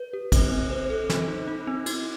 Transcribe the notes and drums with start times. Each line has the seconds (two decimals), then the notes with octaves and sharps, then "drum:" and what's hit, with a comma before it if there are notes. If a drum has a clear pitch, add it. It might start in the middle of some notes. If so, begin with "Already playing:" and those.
Already playing: B4
0.13 G4
0.32 C4, drum: kick, cymbal
0.51 C4
0.71 C5
0.90 A4
1.10 C4, drum: snare
1.28 D#4
1.48 D#4
1.67 C4
1.86 E4, drum: cymbal